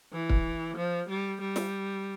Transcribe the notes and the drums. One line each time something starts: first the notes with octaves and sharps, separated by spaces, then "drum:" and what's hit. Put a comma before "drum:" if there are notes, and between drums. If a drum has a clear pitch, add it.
E3
drum: kick
F3
G3
G3
drum: snare